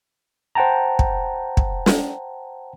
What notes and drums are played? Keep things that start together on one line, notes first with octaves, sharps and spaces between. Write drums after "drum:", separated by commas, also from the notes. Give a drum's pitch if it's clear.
C5 F#5 G5 A5 A#5
drum: kick
drum: kick
drum: snare